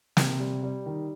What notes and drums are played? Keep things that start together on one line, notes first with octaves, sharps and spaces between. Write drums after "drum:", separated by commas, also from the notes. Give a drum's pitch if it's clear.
C3, drum: snare
G3
G3
D#3